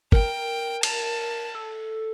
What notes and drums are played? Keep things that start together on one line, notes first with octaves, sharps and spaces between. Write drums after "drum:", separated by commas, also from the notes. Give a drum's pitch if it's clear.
A#4 G5, drum: kick
A5, drum: cymbal
A4